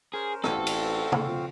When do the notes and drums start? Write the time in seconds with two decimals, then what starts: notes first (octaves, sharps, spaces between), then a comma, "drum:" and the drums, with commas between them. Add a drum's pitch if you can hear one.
0.14 C#4 G#4 A#4 C5
0.44 A1 C4 F#4 A4 F5, drum: rim click
0.67 drum: cymbal
1.12 drum: tom C#3
1.27 F2